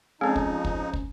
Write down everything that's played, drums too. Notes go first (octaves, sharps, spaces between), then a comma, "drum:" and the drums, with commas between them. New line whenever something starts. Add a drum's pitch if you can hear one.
F3 G#3 C4 C#4 D#4 G#4 A4
drum: kick
drum: kick
drum: kick